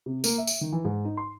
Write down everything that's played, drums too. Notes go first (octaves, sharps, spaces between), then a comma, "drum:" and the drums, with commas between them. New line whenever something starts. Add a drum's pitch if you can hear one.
C3
A#3, drum: tambourine
E5
drum: tambourine
D#3
E3
G#2
D#4
C6